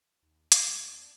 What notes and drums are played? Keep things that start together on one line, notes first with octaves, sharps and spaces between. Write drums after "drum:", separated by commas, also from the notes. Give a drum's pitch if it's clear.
D#2
D#2 G#3 A3, drum: hi-hat
D4